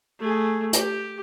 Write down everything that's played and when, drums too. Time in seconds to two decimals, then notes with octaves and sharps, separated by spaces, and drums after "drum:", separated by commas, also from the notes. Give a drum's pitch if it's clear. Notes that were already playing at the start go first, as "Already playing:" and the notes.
0.20 A3 G#4
0.73 G4, drum: hi-hat